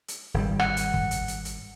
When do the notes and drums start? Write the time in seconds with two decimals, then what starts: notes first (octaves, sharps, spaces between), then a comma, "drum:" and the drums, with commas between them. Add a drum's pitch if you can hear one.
0.08 drum: hi-hat
0.34 G#1 G3
0.60 F#5, drum: rim click
0.77 drum: hi-hat
0.94 drum: kick
1.11 drum: hi-hat
1.28 drum: hi-hat
1.45 drum: hi-hat